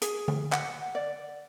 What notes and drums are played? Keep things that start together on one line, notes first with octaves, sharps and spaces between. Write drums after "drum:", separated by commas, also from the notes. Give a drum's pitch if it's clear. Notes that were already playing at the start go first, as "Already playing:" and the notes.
G#4, drum: hi-hat
drum: tom D3
F#5, drum: clap
D5